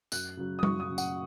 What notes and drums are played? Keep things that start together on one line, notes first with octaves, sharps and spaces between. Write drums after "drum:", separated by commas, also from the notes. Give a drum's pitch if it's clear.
F#2 F#6, drum: tambourine
C#3 F#3
D#6
F#2 C#6, drum: tom G3
D#6
C#3 F#3
F#5, drum: tambourine